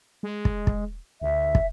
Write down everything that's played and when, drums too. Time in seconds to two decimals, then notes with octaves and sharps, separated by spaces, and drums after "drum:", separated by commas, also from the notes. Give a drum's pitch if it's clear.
0.23 G#3
0.45 drum: kick
0.67 drum: kick
1.22 D2 E5
1.55 drum: kick